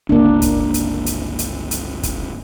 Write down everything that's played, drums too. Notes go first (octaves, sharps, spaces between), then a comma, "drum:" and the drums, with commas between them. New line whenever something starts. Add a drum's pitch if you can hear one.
G1 C#2 A#3 D4
drum: kick, hi-hat
drum: hi-hat
drum: hi-hat
drum: hi-hat
drum: hi-hat
drum: kick, hi-hat